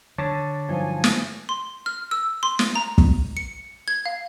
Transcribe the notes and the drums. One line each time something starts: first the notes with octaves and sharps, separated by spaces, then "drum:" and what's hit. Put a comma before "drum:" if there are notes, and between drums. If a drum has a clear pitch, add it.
D3 C#5 A5 D6
G2 F3 F#3 D#4 G#5
drum: snare
C6
F6
E6
C6
drum: snare
A#5
drum: kick
C#7
G#6
F5